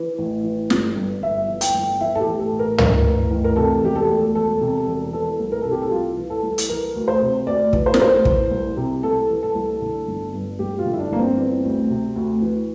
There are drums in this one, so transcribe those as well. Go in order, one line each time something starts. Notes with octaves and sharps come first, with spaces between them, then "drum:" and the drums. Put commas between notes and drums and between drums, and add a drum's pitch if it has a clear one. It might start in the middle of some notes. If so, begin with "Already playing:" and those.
Already playing: E3
A1
E3
G1, drum: snare
G2
G1 E5
E3
G5, drum: hi-hat
G1
E3 E5
A4
G4
A1
A4
A2
A#4
A1 A#4, drum: tom
E3
A1
A#4
C3 A4
E1 G4
A4
D2
E1 A4
C3
E1
E3 A4
C2
A#4
C3 A4
G4
A4
C2 F4
E3
A4
C2
drum: hi-hat
E3 A#4
D2
C5
C3
D2 D5
E3, drum: kick
C5
A#4, drum: snare
D2 C5
E3, drum: kick
C2
C3
C2 A4
E3
A4
C2
D3
G1
G2
G1 G4
F4
D3
E4
D4
G1 A#3
C4
E3
D2
C3
D2
E3